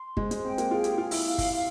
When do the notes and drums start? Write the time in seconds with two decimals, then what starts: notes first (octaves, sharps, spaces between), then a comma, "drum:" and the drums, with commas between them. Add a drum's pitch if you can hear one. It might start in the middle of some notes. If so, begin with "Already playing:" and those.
Already playing: C6
0.17 G#3 C5, drum: kick
0.31 G#3, drum: hi-hat
0.45 C4 G5
0.58 A#3, drum: hi-hat
0.71 F4 G#4
0.84 G4, drum: hi-hat
0.98 F4 G#4
1.11 E4, drum: open hi-hat
1.25 F5
1.38 drum: kick, open hi-hat
1.52 F5